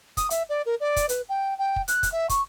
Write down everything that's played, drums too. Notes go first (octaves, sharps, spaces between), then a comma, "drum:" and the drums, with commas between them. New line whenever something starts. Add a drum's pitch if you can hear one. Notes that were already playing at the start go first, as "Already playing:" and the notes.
D#6, drum: kick, hi-hat
E5, drum: hi-hat
D5
A#4
D5
drum: kick, hi-hat
B4, drum: hi-hat
G5
G5
drum: kick
F#6, drum: hi-hat
drum: kick, hi-hat
E5
C#6, drum: kick, hi-hat